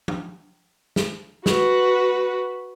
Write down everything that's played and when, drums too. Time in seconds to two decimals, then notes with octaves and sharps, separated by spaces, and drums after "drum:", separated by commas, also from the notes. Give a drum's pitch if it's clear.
0.08 drum: tom F3
0.96 drum: snare
1.46 F#4 B4, drum: snare